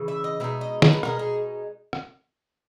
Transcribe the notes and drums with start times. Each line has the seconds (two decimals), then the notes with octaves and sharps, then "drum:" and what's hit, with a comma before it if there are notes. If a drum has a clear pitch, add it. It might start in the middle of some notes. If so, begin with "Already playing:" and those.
Already playing: C#3 E3
0.08 E5
0.24 D#5
0.40 B2 G#3 D#4 E5
0.61 D#5
0.82 B4, drum: snare
0.93 B4
1.03 B2 G#3 D#4 A#4, drum: rim click
1.19 G#4
1.93 drum: rim click